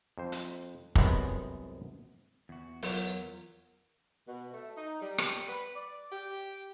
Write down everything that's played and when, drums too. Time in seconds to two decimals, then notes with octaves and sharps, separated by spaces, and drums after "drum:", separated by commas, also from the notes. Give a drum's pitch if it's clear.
0.18 F2 C5
0.32 drum: hi-hat
0.95 C2 F#2 G#3 B3 C4, drum: kick
2.49 E2 F#4
2.83 F#3 F4 A#4 F#5, drum: open hi-hat
4.27 B2
4.53 A3
4.77 D#4
5.02 G3
5.18 drum: rim click
5.48 B4
5.75 D5
6.11 G4